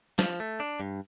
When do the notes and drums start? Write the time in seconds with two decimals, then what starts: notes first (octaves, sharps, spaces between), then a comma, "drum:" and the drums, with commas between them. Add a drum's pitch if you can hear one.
0.19 F3, drum: snare
0.40 A3
0.60 D4
0.80 G2